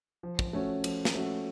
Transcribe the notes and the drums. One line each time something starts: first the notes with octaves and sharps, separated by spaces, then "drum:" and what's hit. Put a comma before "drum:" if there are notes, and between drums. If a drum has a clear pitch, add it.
F3
drum: kick
A3 C#4 F#4
F3, drum: cymbal
drum: snare
A3 C#4 F#4